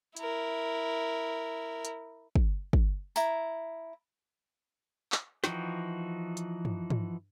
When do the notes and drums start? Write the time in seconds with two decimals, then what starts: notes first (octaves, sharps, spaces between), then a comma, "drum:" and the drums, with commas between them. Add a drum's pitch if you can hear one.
0.17 E4 A#4, drum: hi-hat
1.85 drum: hi-hat
2.35 drum: kick
2.73 drum: kick
3.16 E4 A#5, drum: tambourine
5.12 drum: clap
5.44 E3 F3 D#4 F#4 G5, drum: snare
6.37 drum: hi-hat
6.65 drum: tom
6.90 drum: tom